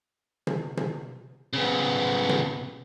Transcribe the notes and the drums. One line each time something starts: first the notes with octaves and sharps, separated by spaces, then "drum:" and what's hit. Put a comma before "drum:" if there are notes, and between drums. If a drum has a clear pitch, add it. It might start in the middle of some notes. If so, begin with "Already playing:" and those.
drum: tom
drum: tom
C#3 B3
drum: tom